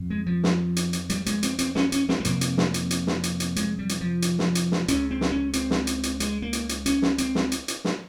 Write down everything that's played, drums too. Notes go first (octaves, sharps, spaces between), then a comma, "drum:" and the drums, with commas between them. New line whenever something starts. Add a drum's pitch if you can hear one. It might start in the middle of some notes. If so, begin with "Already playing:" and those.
Already playing: F2 C#3
G#3
F3
drum: snare
drum: hi-hat
drum: hi-hat
G3, drum: hi-hat
G#3, drum: hi-hat
C4, drum: hi-hat
C4, drum: hi-hat
C#4, drum: snare
C#4, drum: hi-hat
C4, drum: snare
G#3
F2 C3 A#3, drum: hi-hat
drum: hi-hat
drum: snare
drum: hi-hat
drum: hi-hat
drum: snare
drum: hi-hat
drum: hi-hat
G#3, drum: hi-hat
G3
drum: hi-hat
F3
drum: hi-hat
drum: snare
drum: hi-hat
drum: snare
C#2 C#3 C#4, drum: hi-hat
C4
drum: snare
C#4
C4, drum: hi-hat
drum: snare
drum: hi-hat
drum: hi-hat
G#3, drum: hi-hat
A#3
drum: hi-hat
drum: hi-hat
C#4, drum: hi-hat
drum: snare
C4, drum: hi-hat
drum: snare
drum: hi-hat
drum: hi-hat
drum: snare